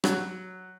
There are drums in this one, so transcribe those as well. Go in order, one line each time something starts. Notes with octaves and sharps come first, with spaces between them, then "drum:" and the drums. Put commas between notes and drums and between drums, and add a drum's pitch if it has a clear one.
F#3, drum: rim click